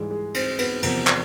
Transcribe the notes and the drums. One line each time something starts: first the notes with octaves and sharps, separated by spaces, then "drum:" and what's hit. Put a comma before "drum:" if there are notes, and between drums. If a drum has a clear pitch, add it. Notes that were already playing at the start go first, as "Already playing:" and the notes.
Already playing: G#2 E3 G3 G#3 G#4
G#3 G#4
C4 C5, drum: cymbal
B3 B4, drum: cymbal
E2 C3 F3 A#3 A#4, drum: cymbal
drum: clap